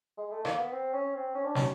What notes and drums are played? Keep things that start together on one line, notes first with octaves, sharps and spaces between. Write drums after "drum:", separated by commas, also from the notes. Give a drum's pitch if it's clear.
G#3
A3
A#3, drum: rim click
B3
C4
C#4
C4
C#4
D4
C#4, drum: snare